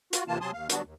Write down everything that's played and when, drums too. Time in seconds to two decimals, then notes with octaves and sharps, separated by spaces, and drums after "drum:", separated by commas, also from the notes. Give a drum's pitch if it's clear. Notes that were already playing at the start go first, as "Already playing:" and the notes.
0.13 F4 F#4, drum: hi-hat
0.28 D#2 C3 E3 A#3 F4 A5
0.41 C3 F#3 G#5 A5 C6 D#6
0.53 D#2 F5
0.69 D3 F#3 G3 B3 D4 F#4, drum: hi-hat
0.85 D#2